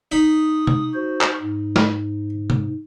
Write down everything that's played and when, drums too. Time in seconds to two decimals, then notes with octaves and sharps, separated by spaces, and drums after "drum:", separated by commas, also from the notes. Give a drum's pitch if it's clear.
0.12 D#4 B5 D#6
0.67 drum: tom C3
0.94 F#4 C5
1.21 drum: clap
1.41 G#2
1.76 drum: snare
2.50 drum: tom C3